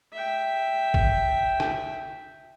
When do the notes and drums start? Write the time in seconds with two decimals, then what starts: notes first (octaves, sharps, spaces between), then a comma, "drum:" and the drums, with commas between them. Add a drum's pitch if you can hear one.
0.13 E5 G5
0.94 drum: kick
1.60 drum: rim click